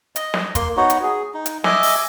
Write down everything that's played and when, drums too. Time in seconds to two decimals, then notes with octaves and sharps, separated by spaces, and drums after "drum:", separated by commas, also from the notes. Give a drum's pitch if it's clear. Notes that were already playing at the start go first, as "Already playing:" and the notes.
0.16 D#5, drum: hi-hat
0.34 drum: snare
0.55 A#3 C6, drum: kick, hi-hat
0.77 B3 D#4 F#4 C#5
0.90 drum: hi-hat
1.03 G#4
1.34 D#4
1.46 drum: hi-hat
1.64 D#5 E5 G#5 D6, drum: snare
1.83 drum: open hi-hat